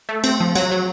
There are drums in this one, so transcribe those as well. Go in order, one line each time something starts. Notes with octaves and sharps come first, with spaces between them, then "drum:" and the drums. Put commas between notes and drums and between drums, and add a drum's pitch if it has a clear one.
A3
C4, drum: cymbal
F3
F#3, drum: cymbal
F#3